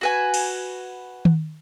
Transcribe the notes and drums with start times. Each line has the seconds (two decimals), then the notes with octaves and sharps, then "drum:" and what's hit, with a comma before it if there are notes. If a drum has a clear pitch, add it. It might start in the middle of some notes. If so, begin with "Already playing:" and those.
0.01 F#4 B4 G#5
0.34 drum: cymbal
1.25 drum: tom D#3